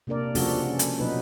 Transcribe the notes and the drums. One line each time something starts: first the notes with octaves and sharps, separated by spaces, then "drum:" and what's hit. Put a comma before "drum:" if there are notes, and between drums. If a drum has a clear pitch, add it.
C3 A#3 D4 A#4 D5
C#3 F3 G#3 D4 F#4 A4, drum: open hi-hat
C#4
drum: hi-hat
B2 F#3 B3 D#4 B4